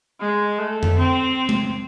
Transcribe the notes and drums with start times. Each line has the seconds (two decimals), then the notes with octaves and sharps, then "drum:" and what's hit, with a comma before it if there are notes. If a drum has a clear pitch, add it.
0.20 G#3
0.58 A3
0.83 drum: tom F2
0.98 C4
1.49 drum: tom G#3